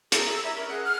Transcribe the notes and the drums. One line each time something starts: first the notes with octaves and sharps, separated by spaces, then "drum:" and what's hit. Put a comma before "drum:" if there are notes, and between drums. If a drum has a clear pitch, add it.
G#4 A#4 E5 A#5, drum: hi-hat
E6
E4 D5 E5 A#5
C#4 A#4
G#4 F#5
F6